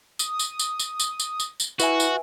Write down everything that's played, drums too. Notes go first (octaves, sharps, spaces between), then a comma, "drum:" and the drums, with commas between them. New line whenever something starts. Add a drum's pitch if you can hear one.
D#6, drum: tambourine
drum: tambourine
drum: tambourine
drum: tambourine
drum: tambourine
drum: tambourine
drum: tambourine
drum: tambourine
E4 F#4 B4 E5 G#5, drum: tambourine
drum: tambourine